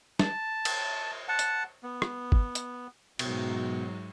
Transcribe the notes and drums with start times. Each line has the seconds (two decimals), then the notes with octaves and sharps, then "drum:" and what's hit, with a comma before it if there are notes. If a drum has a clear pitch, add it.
0.19 A5, drum: snare
0.65 drum: cymbal
1.28 F#5 A5
1.39 drum: hi-hat
1.83 B3
2.02 drum: rim click
2.32 drum: kick G1
2.55 drum: hi-hat
3.19 G#2 B2 F#3, drum: cymbal